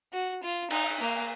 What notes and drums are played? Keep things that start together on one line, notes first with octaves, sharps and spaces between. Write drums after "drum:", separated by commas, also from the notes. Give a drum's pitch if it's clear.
F#4
F4
D#4, drum: cymbal
A#3